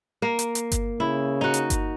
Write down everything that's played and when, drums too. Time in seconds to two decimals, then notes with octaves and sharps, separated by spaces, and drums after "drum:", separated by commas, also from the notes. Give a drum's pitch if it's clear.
0.22 A#3
0.39 drum: hi-hat
0.55 drum: hi-hat
0.72 drum: kick G1, hi-hat
1.00 C#3 E4
1.41 D#4 F#4
1.54 drum: hi-hat
1.70 drum: kick G1, hi-hat